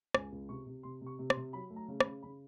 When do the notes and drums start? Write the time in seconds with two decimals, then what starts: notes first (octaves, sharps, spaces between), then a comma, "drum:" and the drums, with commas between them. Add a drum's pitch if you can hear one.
0.14 C#2 G#5, drum: rim click
0.32 C#2
0.49 C3 C#6
0.67 C3
0.83 C3 C6
1.01 C3
1.06 C#6
1.19 C3
1.30 C6, drum: rim click
1.37 C3
1.53 F#3 B5
1.70 A3
1.76 A#5
1.88 C#3
2.00 B5, drum: rim click
2.06 C#3
2.23 C#3 B5